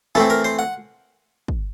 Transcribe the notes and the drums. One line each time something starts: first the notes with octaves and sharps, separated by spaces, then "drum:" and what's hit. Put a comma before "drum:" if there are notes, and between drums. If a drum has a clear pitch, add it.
E3 A3 C4 A4, drum: snare
A#4
C5
F#5
drum: kick